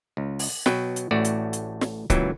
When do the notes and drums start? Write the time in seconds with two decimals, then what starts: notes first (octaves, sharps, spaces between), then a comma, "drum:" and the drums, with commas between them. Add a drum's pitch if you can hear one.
0.17 C#2
0.39 drum: open hi-hat
0.66 B2 F#3 B4 G5, drum: snare
0.96 drum: hi-hat
1.11 A1 A2 A3 F#4 D5
1.24 drum: hi-hat
1.53 drum: hi-hat
1.81 drum: snare
2.10 C#2 A#2 E3 F#3 G5, drum: kick C#1, hi-hat